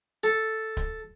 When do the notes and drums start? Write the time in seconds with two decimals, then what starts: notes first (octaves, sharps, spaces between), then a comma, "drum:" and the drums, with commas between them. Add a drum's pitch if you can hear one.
0.24 A4
0.77 drum: kick D1